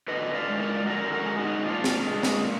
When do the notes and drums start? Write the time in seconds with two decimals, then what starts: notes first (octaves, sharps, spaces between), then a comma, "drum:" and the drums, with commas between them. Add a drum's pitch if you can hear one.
0.08 D3 B4 D#5
0.35 D5 F5
0.48 G#3
0.60 A#4 D5
0.86 D3 F#4 A#4
1.13 F#4 A#4
1.26 G#3
1.39 D#4 F#4
1.65 A#2 D4 F4
1.84 drum: snare
2.03 G#3
2.23 drum: snare
2.43 A#2